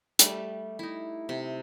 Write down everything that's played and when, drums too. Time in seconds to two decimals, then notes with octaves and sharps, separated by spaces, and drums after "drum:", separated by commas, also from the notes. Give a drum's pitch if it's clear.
0.19 G3 A3, drum: hi-hat
0.79 D#4 E4
1.29 C3